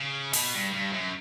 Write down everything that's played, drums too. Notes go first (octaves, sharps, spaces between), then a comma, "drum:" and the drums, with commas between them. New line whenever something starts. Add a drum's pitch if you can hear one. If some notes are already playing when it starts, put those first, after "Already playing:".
Already playing: C#3
B2, drum: open hi-hat
G2
G2
F#2